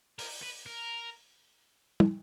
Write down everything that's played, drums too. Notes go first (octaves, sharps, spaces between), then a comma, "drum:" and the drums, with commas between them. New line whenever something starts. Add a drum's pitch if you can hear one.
A#4, drum: open hi-hat
B4
A#4
drum: tom